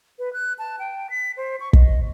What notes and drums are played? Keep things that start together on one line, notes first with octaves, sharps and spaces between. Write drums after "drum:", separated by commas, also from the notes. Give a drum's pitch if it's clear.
B4
F#6
A5
G5
B6
C5
C#6
D#5, drum: kick